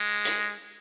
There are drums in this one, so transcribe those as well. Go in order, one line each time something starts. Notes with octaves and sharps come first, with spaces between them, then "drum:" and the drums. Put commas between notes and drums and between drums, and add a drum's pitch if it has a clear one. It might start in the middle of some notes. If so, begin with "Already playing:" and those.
Already playing: G#3
drum: hi-hat